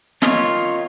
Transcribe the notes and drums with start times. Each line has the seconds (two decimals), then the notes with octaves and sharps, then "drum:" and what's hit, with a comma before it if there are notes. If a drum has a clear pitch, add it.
0.22 D#3 F4 C#5, drum: snare